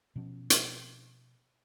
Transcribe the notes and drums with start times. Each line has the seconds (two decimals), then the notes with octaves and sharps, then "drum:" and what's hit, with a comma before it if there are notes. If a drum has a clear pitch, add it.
0.16 B2 F3 C#4
0.50 drum: hi-hat